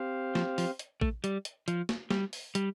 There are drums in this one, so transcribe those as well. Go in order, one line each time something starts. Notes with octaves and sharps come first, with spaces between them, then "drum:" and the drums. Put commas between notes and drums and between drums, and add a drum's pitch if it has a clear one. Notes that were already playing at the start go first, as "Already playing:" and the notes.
Already playing: C4 G4 C5 F5
F3, drum: snare
F3, drum: open hi-hat
drum: hi-hat
A3, drum: kick A1
G3, drum: hi-hat
drum: hi-hat
F3, drum: hi-hat
drum: snare
G3, drum: snare
drum: open hi-hat
G3, drum: hi-hat